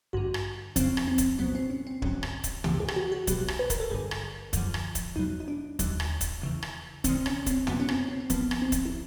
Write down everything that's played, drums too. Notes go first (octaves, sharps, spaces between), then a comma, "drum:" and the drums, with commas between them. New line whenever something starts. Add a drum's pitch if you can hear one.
A1 G2 D3 F#4
drum: rim click
F2 C#3 F3 C4, drum: kick, hi-hat
drum: rim click
C4
drum: kick, hi-hat
C2 A#2 F#3 B3
C4
C#4
C4
A1 G2 D3 F#3 C#4, drum: kick
drum: rim click
drum: kick, hi-hat
C#2 C#3 E3 G4, drum: tom
G4
G#4
G4, drum: rim click
F#4
F#4
B1 B2 F#3 G4, drum: kick, hi-hat
drum: rim click
B4
A#4, drum: kick, hi-hat
A4
G#1 G2 D3 G#4
drum: rim click
F#2 D3 F3, drum: kick, hi-hat
drum: rim click
drum: kick, hi-hat
E2 B2 F#3 D#4
D#4
D4
D#2 D3 F#3, drum: kick, hi-hat
drum: rim click
drum: kick, hi-hat
E2 C#3 E3
drum: rim click
D2 C3 E3 C4, drum: kick, hi-hat
C#4, drum: rim click
C4, drum: kick, hi-hat
F#2 D3 F#3 B3, drum: tom
C#4
C4, drum: rim click
C4
C4
A#1 A2 F3 B3, drum: kick, hi-hat
drum: rim click
C4
drum: kick, hi-hat
E4